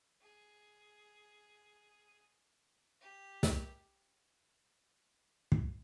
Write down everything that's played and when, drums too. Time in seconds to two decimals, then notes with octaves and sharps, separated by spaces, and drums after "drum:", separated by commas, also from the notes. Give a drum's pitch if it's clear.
0.21 G#4
3.01 G4
3.43 drum: snare
5.52 drum: kick